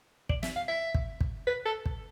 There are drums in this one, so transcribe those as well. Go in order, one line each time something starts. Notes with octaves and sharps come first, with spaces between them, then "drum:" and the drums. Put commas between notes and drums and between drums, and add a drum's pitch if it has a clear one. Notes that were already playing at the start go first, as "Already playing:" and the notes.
D5, drum: kick
E5, drum: snare
F5
E5
drum: kick
drum: kick
B4
A4
drum: kick